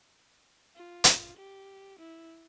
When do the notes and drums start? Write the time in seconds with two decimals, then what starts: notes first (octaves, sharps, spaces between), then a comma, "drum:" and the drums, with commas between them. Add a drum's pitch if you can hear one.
0.76 F4
1.04 drum: hi-hat
1.37 G4
1.99 E4